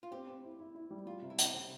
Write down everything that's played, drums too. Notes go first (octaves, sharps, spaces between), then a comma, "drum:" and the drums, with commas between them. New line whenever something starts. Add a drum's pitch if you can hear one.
F4
C4 G4
C4
E4
E4
E4
G3
G3 F4
C3
E4
C3, drum: hi-hat
C3 C4